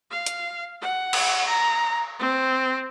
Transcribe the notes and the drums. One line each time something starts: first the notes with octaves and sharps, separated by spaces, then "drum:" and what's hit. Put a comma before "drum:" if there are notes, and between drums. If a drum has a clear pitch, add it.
F5
drum: hi-hat
F#5
drum: cymbal
A#5
C4